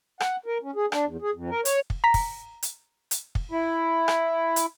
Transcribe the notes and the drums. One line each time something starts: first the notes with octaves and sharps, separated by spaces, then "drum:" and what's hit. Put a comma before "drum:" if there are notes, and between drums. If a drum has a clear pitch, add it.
F#5, drum: rim click
A#4
C#4
G#4
D4, drum: rim click
E2
G#4
F2
A#4
C#5, drum: hi-hat
drum: kick
A#5 B6
drum: kick, open hi-hat
drum: hi-hat
drum: hi-hat
drum: kick
E4
drum: rim click
drum: hi-hat